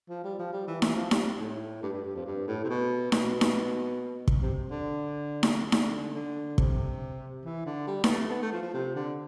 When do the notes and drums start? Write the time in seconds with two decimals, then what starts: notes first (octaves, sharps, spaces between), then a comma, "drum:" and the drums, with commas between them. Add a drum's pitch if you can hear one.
0.09 F3
0.24 G3
0.39 F3
0.53 G3
0.68 E3
0.82 E3, drum: snare D#4
0.96 F3
1.11 G3, drum: snare D#4
1.39 A2
1.83 G2
1.93 G2
2.05 G2
2.15 F2
2.26 G2
2.48 A2
2.64 C3
2.69 B2
3.12 B2, drum: snare D#4
3.41 drum: snare D#4
4.28 drum: kick
4.42 C3
4.71 D3
5.43 drum: snare D#4
5.72 D3, drum: snare D#4
6.15 D3
6.58 C3, drum: kick
7.45 E3
7.66 D3
7.87 G3
8.04 B3, drum: snare D#4
8.10 A3
8.30 B3
8.42 A3
8.52 F3
8.63 F3
8.74 C3
8.95 D3